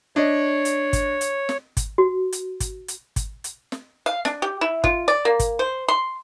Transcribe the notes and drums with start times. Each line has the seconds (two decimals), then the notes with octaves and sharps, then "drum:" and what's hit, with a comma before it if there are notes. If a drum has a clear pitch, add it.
0.16 D4 C#5 D#5
0.65 drum: hi-hat
0.93 drum: kick, hi-hat
1.21 drum: hi-hat
1.49 drum: snare
1.77 drum: kick, hi-hat
1.98 F#4
2.32 drum: hi-hat
2.60 drum: kick, hi-hat
2.88 drum: hi-hat
3.16 drum: kick, hi-hat
3.44 drum: hi-hat
3.72 drum: snare
4.06 F5
4.25 D4, drum: snare
4.42 G4
4.61 E4
4.84 F4, drum: kick
5.08 D5
5.25 A#3
5.39 drum: kick, hi-hat
5.59 C5
5.89 C6